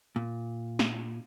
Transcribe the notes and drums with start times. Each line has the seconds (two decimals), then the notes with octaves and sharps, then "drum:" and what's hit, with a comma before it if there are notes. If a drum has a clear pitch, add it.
0.16 A#2
0.79 drum: snare